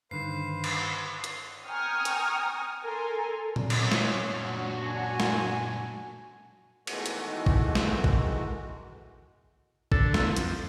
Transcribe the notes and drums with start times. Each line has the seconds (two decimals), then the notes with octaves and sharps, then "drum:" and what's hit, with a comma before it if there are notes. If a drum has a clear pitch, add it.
0.11 G2 D3 D#3 B4 C5 F5 C7
0.64 drum: cymbal
1.24 drum: hi-hat
1.67 G5 G#5 A#5 C#6 D#6 F6
2.05 drum: hi-hat
2.82 A4 A#4 G#5 A#5 C6
3.56 drum: tom A#2
3.70 C#4 A#4 D#5, drum: cymbal
3.92 drum: snare
4.28 F#2 A#2 D4 F#4
4.86 G#5
5.20 drum: snare
6.87 B2 D#3 E3 G#3 A3 F#4, drum: cymbal
7.06 drum: hi-hat
7.46 drum: kick
7.75 drum: snare
8.04 drum: kick
9.92 D3 A4, drum: kick
10.14 E2, drum: snare
10.36 F2, drum: hi-hat